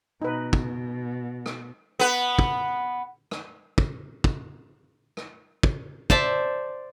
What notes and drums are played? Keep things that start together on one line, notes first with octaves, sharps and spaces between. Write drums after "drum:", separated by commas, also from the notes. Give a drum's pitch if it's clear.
B2 D#4 B4
drum: kick
drum: rim click
B3 B4
drum: kick
drum: rim click
drum: kick
drum: kick
drum: rim click
drum: kick
C5 D5 E5 A5, drum: kick